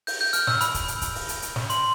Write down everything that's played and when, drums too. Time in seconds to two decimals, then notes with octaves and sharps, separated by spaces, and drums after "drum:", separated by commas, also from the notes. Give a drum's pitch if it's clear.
0.07 G6, drum: open hi-hat
0.21 G6
0.33 F6, drum: hi-hat
0.47 E6, drum: snare
0.61 B5, drum: hi-hat
0.74 drum: kick, hi-hat
0.88 drum: hi-hat
1.02 drum: kick, hi-hat
1.15 drum: open hi-hat
1.29 drum: hi-hat
1.42 drum: hi-hat
1.56 drum: snare
1.70 C6, drum: hi-hat